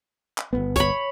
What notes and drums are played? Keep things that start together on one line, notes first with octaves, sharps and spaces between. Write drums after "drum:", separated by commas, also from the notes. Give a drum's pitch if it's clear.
drum: clap
G1 F#2 B3
C#5 B5, drum: kick, hi-hat